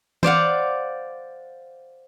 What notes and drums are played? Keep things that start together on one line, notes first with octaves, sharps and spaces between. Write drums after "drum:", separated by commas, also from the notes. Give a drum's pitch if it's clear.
C5 D5 F5 F#5, drum: tom